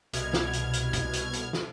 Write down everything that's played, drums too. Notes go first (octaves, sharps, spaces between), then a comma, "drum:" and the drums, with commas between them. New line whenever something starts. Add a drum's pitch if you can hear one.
C2 B2 F6 G#6, drum: hi-hat
drum: snare
drum: hi-hat
drum: hi-hat
drum: kick A#1, hi-hat
drum: hi-hat
drum: hi-hat
drum: snare